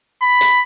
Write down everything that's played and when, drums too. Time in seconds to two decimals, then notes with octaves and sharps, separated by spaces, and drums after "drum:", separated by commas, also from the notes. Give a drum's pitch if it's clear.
0.22 B5
0.41 drum: hi-hat